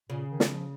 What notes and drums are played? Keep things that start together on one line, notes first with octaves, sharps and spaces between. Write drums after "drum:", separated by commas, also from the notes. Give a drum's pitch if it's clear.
A#2 C#3
D#3
drum: snare
F3